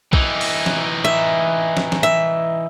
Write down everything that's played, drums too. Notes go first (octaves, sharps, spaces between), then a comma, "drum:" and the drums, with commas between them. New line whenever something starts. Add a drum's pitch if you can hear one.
E3 D#4, drum: kick B1
drum: open hi-hat
drum: snare
E5
drum: snare
drum: snare
E5